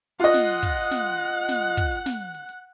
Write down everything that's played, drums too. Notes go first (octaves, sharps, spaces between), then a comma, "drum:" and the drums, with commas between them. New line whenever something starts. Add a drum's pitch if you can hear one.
F4 D#5 F#5 F#6, drum: hi-hat
drum: snare
drum: hi-hat
drum: kick, hi-hat
drum: hi-hat
drum: snare
drum: hi-hat
drum: hi-hat
drum: snare
drum: hi-hat
drum: kick, hi-hat
drum: hi-hat
drum: snare
drum: hi-hat
drum: hi-hat